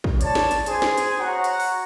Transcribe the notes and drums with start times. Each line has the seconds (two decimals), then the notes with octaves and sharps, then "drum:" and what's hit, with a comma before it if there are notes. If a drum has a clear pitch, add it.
0.04 drum: kick
0.21 C#5 D5 A5, drum: hi-hat
0.35 drum: snare
0.51 drum: hi-hat
0.66 G#4 C5 G#5, drum: hi-hat
0.82 drum: snare
0.98 drum: hi-hat
1.20 F#4 C#5 F#5 A#5
1.44 drum: hi-hat
1.60 drum: open hi-hat